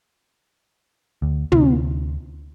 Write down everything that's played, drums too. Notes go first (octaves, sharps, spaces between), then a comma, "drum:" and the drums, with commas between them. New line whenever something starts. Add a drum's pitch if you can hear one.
D2
D2 C3, drum: tom